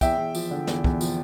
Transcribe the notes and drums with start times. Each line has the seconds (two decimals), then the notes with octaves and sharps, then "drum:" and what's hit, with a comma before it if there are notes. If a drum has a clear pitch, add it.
0.01 E2 E5 G5, drum: kick, tambourine
0.18 E2
0.35 F3, drum: tambourine
0.51 D3
0.67 E2, drum: snare
0.84 E2, drum: kick
1.01 F3, drum: tambourine